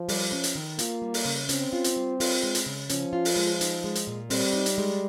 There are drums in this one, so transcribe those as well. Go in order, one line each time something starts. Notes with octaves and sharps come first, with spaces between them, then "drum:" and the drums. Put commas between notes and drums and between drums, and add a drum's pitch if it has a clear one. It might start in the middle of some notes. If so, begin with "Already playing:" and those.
Already playing: F3
G3, drum: open hi-hat
C#4
drum: hi-hat
D#3
A#3 F4, drum: hi-hat
G3
drum: open hi-hat
C#3
C4 C#4, drum: hi-hat
F4
drum: hi-hat
G3
F4, drum: open hi-hat
G#3
drum: hi-hat
C#3
F3 C#4, drum: hi-hat
F4
drum: open hi-hat
G#3
D#4, drum: hi-hat
G#3
drum: hi-hat
A#2
G3 C4, drum: open hi-hat
D#4
drum: hi-hat
G#3